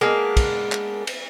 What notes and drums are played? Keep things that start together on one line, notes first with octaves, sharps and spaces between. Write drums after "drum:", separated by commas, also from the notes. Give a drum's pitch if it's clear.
G#3 A#3 B3 D4
drum: kick, cymbal
drum: clap
drum: cymbal